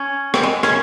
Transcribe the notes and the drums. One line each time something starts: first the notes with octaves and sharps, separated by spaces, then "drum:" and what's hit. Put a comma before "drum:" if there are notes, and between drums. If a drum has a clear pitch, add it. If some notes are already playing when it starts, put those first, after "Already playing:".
Already playing: C#4
C4, drum: rim click
G#3
C#4, drum: rim click